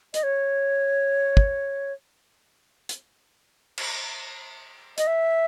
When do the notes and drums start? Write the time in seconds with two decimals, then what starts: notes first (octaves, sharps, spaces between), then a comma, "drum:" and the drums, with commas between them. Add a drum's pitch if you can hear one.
0.14 D#5, drum: hi-hat
0.23 C#5
1.37 drum: kick
2.89 drum: hi-hat
3.78 drum: cymbal
4.98 D#5, drum: hi-hat
5.07 E5